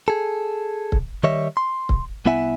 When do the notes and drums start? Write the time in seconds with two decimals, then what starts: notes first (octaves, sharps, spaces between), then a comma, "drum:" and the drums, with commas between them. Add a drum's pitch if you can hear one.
0.08 G#4 A4
0.92 drum: kick C#1
1.24 D#3 G3 C#5 D#5 E5
1.57 C6
1.89 drum: kick C#1
2.26 C2 B3 E4 E5 F#5 G#5